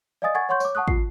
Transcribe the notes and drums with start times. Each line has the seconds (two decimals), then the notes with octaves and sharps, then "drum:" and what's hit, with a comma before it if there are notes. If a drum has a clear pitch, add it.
0.22 D5 D#5 F5 G#5 D#6 A6
0.35 F#5 G#5 C#6 G#6 A6
0.49 C#5 F#5 C6 C#6 G6
0.60 C#5 D6, drum: tambourine
0.75 F#5 A5 C#6 D#6 F#6
0.88 F4 C7, drum: kick